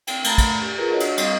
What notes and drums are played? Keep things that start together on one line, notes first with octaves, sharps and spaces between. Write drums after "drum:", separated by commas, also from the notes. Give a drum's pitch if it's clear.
C4 G5, drum: cymbal
A3 A#5 B5, drum: cymbal
drum: kick, cymbal
G4
F4 G#4 A#4 B4 A#5
D4 F#4 C#5 D#5 F#5
drum: cymbal
G3 C4 D#5 F5 D#6, drum: cymbal